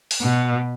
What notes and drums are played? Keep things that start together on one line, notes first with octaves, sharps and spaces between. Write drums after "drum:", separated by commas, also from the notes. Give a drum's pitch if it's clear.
drum: open hi-hat
B2